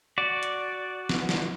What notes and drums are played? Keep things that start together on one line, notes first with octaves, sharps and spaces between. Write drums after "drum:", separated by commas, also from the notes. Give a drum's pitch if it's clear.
F#4 D5
drum: hi-hat
drum: snare
drum: snare